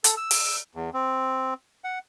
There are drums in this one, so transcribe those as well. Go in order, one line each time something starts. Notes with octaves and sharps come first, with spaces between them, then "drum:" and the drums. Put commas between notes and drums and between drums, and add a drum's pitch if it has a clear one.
A4, drum: hi-hat
E6
drum: open hi-hat
E2
C4
F#5